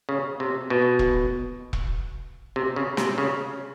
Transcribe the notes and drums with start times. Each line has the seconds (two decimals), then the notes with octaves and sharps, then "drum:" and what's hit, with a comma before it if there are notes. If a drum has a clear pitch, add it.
0.09 C#3
0.40 C3
0.70 B2
0.99 drum: kick E1
1.73 drum: kick E1
2.56 C3
2.76 C#3
2.97 C3, drum: snare
3.18 C#3